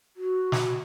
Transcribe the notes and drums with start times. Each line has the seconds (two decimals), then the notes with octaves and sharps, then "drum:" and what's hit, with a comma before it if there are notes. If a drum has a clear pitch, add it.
0.17 F#4
0.52 drum: snare